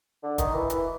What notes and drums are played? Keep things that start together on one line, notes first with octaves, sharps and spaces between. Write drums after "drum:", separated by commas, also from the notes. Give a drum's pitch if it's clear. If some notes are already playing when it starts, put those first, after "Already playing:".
D3
D#3, drum: kick, hi-hat
E3
E3, drum: hi-hat